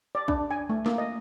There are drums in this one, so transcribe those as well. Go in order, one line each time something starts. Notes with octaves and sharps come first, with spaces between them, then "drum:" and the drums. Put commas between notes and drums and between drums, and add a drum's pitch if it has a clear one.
D5
D4, drum: kick
G#5
A3
A#3, drum: snare
D#5